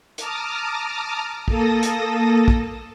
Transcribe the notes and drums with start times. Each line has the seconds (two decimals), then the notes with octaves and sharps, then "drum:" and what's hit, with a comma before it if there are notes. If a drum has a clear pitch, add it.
0.18 A5 A#5 D6 D#6 F6, drum: hi-hat
1.48 A#3 A4 A5 D#6 A#6, drum: kick
1.83 drum: hi-hat
2.48 drum: kick